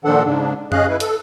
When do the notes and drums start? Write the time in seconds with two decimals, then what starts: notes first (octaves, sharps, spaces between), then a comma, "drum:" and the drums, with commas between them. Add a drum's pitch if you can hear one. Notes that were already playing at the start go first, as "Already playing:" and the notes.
0.04 A#2 D#3 F3 D4 A4 F#5
0.24 G#2 C#3 D4
0.72 C#4 G#4 D#5 F5 F#6, drum: tom F#2
0.89 E4 B4
1.00 A4, drum: hi-hat